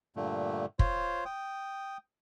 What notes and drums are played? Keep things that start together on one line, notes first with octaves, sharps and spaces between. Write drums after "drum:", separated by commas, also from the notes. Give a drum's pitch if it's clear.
G2 A#2 D3 A3
F4 C5 C#5, drum: kick
G5 D#6